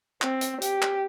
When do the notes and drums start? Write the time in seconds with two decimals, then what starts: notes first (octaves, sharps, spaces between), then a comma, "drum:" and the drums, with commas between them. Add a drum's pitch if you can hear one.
0.22 C4, drum: clap
0.41 drum: hi-hat
0.62 G4, drum: hi-hat
0.82 drum: clap